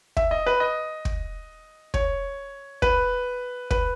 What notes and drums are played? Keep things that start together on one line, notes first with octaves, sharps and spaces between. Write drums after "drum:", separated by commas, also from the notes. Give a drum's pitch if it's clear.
E5, drum: kick
D#5
B4
D#5
drum: kick
C#5, drum: kick
B4, drum: kick
B4, drum: kick